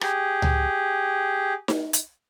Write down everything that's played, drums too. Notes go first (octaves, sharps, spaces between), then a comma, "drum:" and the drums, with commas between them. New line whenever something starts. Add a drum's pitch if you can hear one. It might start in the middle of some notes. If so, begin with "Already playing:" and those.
G4 G#4, drum: rim click
drum: tom C#2
drum: snare D#4
drum: hi-hat